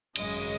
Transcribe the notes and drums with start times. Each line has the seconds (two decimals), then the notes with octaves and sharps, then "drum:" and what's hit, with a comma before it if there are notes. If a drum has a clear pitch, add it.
0.16 G#1 F#2 C#3 G#3 D#5, drum: cymbal